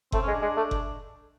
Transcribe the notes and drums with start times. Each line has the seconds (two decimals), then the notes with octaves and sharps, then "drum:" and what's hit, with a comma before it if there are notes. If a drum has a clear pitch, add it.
0.12 A3 C4, drum: kick F#1
0.22 C#4
0.28 G#3
0.33 D4
0.42 G#3
0.57 A3
0.71 drum: kick F#1